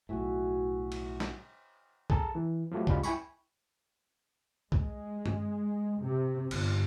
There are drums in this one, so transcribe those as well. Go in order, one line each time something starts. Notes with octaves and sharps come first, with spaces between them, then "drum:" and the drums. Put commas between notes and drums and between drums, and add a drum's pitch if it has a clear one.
B1 A2 F#4 G#4 E5
drum: cymbal
drum: snare
G#4 A4 A5 A#5, drum: kick C2
E3
F3 F#3 A3 G4
C#2 G3 G#3 F4 B5, drum: kick C2
E4 G5 G#5 B5 C#6, drum: tambourine
G#3, drum: kick C2
drum: tom G2
C3
G1, drum: cymbal